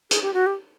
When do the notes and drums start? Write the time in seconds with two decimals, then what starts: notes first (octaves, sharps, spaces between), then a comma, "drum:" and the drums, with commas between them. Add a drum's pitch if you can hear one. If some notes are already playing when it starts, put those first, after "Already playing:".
0.11 G#4, drum: hi-hat
0.22 G4
0.34 F#4
0.46 G4